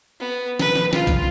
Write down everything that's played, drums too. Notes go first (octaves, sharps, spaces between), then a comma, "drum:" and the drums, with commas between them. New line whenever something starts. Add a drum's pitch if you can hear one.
B3
B4, drum: snare
drum: snare
F4, drum: snare
drum: kick B1, hi-hat